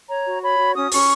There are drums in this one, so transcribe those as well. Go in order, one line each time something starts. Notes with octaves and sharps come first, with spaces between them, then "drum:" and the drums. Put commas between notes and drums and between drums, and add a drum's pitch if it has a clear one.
C#5 A#5
F#4
C#5 B5
F#4
C#4 D#6
C#4 C#6, drum: open hi-hat